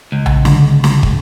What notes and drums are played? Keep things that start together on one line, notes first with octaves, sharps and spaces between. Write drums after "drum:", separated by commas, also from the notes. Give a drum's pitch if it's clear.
C#2
drum: tom A#1
D3, drum: snare
drum: snare
drum: kick